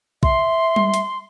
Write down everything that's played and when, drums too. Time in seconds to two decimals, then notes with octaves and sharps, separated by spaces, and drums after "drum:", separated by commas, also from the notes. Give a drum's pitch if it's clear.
0.23 E5 C6, drum: kick
0.76 drum: tom G3
0.94 drum: hi-hat